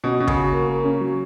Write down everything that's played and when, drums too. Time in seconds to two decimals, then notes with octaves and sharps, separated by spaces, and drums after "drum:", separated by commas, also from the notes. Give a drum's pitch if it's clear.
0.04 B2 C#4
0.20 B2 C#4
0.27 C#3, drum: kick
0.36 F#4
0.52 A#3
0.68 A#3
0.84 C#4
1.01 F#3